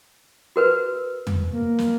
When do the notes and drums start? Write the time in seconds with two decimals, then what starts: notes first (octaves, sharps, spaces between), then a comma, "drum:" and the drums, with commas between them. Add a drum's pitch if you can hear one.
0.56 F#4 A#4 B4
1.27 drum: tom
1.53 A#3
1.79 drum: snare